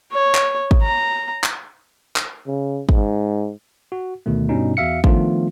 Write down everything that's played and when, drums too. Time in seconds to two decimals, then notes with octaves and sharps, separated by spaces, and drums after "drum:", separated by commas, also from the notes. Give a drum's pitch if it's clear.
0.12 C#5
0.35 drum: clap
0.71 drum: kick
0.82 A#5
1.43 drum: clap
2.16 drum: clap
2.47 C#3
2.89 G#2, drum: kick
3.92 F#4
4.26 D2 B2 D#3 A3
4.49 G2 B2 G3 C#4 D#4
4.77 E2 F#4 E5 F5 C#7
5.04 D#3 F3 A3 B3 D4 F4, drum: kick